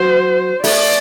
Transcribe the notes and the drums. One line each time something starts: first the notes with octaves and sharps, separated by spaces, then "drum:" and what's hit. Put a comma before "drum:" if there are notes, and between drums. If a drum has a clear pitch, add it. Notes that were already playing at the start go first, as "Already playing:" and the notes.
Already playing: F#3 C5
A3 D5, drum: open hi-hat